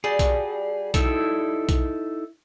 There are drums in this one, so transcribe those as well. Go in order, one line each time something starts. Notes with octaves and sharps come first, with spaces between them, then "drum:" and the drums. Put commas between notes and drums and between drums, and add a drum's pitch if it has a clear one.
G3 F#4 G#4 A5
drum: kick B1, hi-hat
D#4 E4 A4, drum: kick B1, hi-hat
drum: kick B1, hi-hat